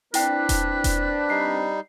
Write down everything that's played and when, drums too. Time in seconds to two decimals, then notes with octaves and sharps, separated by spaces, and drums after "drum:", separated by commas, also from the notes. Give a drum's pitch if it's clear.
0.14 C4 D4 E4 B4 G5 F#6, drum: hi-hat
0.49 drum: kick E1, hi-hat
0.84 drum: kick E1, hi-hat
1.30 G3 D#4 C7